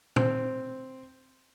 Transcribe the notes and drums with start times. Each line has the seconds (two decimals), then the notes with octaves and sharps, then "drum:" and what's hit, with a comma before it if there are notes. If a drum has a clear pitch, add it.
0.16 C4, drum: tom